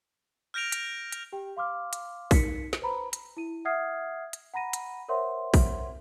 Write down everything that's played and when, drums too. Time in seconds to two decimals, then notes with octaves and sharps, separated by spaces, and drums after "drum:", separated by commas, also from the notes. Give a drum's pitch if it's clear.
0.54 F6 G6 A#6 D7 F7
0.72 drum: hi-hat
1.12 drum: hi-hat
1.33 G4 G5
1.57 F5 C6 D6 F6
1.93 drum: hi-hat
2.31 D#4 A#4 B6 C#7, drum: kick, open hi-hat
2.73 drum: snare
2.82 B4 C5 A#5 B5
3.13 drum: hi-hat
3.37 E4 D#7
3.65 E5 F#5 D#6 F6 G#6 C7
4.33 drum: hi-hat
4.54 F#5 A#5 B5 A#6 D#7
4.73 drum: hi-hat
5.08 A#4 C5 C#5 E5 F#5 C6
5.54 drum: kick, open hi-hat